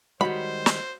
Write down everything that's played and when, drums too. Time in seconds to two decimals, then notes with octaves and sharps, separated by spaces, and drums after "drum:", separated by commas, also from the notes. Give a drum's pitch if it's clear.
0.21 D#3 G3 G#3 F#4 C5 C#5 F#5 B5
0.66 drum: snare